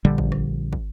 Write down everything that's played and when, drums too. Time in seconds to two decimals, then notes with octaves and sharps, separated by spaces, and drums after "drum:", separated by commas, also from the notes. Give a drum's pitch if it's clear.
0.05 A#1 D3 G3
0.18 drum: kick
0.32 drum: rim click
0.73 drum: kick